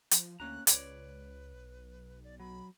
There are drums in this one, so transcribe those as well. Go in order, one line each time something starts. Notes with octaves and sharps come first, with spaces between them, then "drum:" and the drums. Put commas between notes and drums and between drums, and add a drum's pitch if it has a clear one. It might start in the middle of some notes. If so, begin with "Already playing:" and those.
F3, drum: hi-hat
D2 A#3 C#4 A#5 F#6
C#2 B4 C#5 D5, drum: hi-hat
B1
D5
F#3 B5